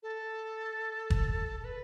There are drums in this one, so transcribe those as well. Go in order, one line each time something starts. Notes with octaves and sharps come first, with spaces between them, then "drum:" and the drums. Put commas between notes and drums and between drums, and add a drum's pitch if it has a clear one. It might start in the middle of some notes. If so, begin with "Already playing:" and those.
A4
drum: kick
A4
B4